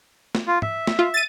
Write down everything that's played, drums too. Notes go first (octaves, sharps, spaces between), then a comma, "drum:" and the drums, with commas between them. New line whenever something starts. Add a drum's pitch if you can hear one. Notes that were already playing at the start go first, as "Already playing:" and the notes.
drum: snare
F4
E5, drum: tom
drum: snare
F4
A6 D#7